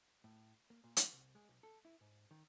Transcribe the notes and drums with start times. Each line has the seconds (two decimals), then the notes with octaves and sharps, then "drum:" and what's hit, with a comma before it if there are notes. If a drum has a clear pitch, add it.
0.24 A2
0.70 A#3
0.84 A#2
0.97 E3, drum: hi-hat
1.13 C2
1.35 G#3
1.49 B1
1.63 A4
1.85 E4
2.01 G#2
2.31 D#3